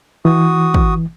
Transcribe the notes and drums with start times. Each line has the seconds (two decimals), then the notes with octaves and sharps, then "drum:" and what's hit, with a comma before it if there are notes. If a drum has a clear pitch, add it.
0.25 E3 F#4 D#6
0.74 drum: kick